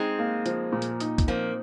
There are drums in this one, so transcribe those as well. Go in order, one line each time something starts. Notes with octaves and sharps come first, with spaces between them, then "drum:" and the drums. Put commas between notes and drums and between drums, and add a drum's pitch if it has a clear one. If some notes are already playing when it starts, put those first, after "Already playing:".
Already playing: G#3 C4 D#4
A#3
F3, drum: hi-hat
A#2
drum: hi-hat
D#4, drum: hi-hat
drum: kick, hi-hat
F3 A#3 C4